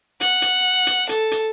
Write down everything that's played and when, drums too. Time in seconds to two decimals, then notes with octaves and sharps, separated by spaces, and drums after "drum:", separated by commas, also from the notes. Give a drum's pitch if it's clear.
0.21 F#5, drum: hi-hat
0.42 drum: hi-hat
0.87 drum: hi-hat
1.09 A4, drum: hi-hat
1.31 drum: hi-hat